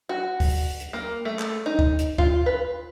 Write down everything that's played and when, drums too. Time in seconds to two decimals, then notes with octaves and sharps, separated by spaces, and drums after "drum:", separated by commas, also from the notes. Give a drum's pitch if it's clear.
0.09 F#4
0.40 drum: kick, open hi-hat
0.80 drum: hi-hat
0.93 A#3
1.25 A3
1.39 drum: clap
1.66 D#4
1.79 drum: kick
1.99 drum: hi-hat
2.18 F4, drum: kick
2.46 B4